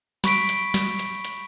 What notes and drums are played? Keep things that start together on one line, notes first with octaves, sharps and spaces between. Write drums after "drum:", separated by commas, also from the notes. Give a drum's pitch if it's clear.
B5 C#6 B6 D7, drum: snare
drum: hi-hat
drum: snare
drum: hi-hat
drum: hi-hat